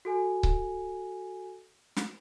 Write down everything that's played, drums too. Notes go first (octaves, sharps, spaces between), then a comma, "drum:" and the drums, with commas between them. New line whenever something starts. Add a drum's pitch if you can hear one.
F#4 A4 G#5
drum: kick C#1
drum: snare